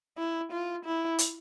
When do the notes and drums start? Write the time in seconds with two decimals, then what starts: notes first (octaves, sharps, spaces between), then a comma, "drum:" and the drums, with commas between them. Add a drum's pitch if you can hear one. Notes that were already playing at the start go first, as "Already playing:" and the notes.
0.18 E4
0.52 F4
0.86 E4
1.19 drum: hi-hat